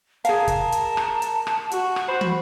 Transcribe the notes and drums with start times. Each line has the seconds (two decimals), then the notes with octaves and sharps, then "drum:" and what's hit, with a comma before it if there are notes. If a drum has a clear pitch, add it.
0.25 G#4 A#4 F5 A5, drum: hi-hat
0.48 drum: kick, hi-hat
0.72 drum: hi-hat
0.97 drum: rim click
1.22 drum: hi-hat
1.47 drum: rim click
1.71 F#4, drum: hi-hat
1.96 drum: rim click
2.08 C5 B5
2.21 drum: tom